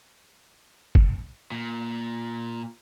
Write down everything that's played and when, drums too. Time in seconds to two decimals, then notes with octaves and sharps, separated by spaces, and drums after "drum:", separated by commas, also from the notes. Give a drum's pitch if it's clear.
0.95 drum: kick
1.52 A#2